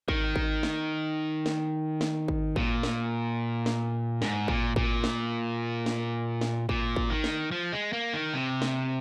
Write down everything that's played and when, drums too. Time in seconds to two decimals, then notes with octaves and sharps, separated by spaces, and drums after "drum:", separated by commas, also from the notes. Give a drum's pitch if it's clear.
0.08 D#3, drum: kick G#1
0.36 drum: kick G#1
0.63 drum: snare
1.46 drum: snare
2.01 drum: snare
2.28 drum: kick G#1
2.56 A#2, drum: kick G#1
2.83 drum: snare
3.66 drum: snare
4.22 G#2, drum: snare
4.48 A#2, drum: kick G#1
4.76 A#2, drum: kick G#1
5.04 drum: snare
5.86 drum: snare
6.41 drum: snare
6.69 A#2, drum: kick G#1
6.96 drum: kick G#1
7.10 D#3
7.24 drum: snare
7.51 F3
7.73 G#3
7.93 A#3
8.13 D#3
8.34 C3
8.62 drum: snare